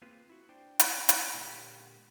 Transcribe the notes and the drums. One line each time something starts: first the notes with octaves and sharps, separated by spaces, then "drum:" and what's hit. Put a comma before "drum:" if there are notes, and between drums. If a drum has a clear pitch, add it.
A#3 C4 F4 G#4 B4
E4 F#4
D4 C5 G5
E4, drum: hi-hat
drum: hi-hat
A#2 D3 G#3 A#3 B3 G4